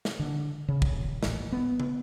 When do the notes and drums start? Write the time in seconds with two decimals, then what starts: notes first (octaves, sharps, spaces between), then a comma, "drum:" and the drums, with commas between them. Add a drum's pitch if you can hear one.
0.05 drum: snare
0.19 D3
0.68 C#3
0.82 drum: kick
0.93 D#1
1.23 A1, drum: snare
1.52 B3
1.80 drum: tom